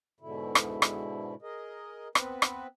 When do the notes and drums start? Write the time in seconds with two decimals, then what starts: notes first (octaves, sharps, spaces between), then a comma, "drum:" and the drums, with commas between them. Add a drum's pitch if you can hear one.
0.20 G#2 B2 D3 E4
0.55 drum: rim click
0.82 drum: rim click
1.42 G#4 A#4 D#5
2.15 B3 C4 B4, drum: rim click
2.42 drum: rim click